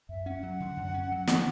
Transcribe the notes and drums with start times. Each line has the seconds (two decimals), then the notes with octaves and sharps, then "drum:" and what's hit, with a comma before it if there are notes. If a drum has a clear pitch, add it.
0.09 F#2 E5
0.26 C#4 F#5
0.43 F#3
0.60 D3
0.77 F#2
0.94 C#4
1.12 F#3
1.27 D3, drum: snare